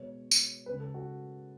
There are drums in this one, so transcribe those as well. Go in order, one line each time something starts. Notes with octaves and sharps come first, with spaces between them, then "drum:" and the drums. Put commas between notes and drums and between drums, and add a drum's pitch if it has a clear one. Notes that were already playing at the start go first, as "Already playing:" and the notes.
Already playing: B2 G#3 C#5
drum: tambourine
C#3 G#3 B4
A4
F#4